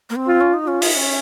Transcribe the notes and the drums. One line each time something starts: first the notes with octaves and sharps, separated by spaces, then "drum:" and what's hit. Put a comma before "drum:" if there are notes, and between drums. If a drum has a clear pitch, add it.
A#3
C4
F4
C#4
D#4
C#4 F4
D#4, drum: open hi-hat
C#4